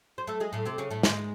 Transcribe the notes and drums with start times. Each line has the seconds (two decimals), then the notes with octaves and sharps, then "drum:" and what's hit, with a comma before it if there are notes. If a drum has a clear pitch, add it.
0.18 C5
0.27 A3 A4
0.40 G#3 G#4
0.53 A2 A3
0.65 C3 C4
0.78 C#3 C#4
0.91 A2 A3
1.03 G#2 G#3, drum: snare